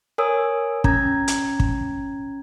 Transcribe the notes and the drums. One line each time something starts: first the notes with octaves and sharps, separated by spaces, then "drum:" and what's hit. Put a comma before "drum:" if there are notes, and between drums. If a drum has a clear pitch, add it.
A#4 C#5 G#5 D#6 E6
C#4 A#5 G#6, drum: kick
drum: hi-hat
drum: kick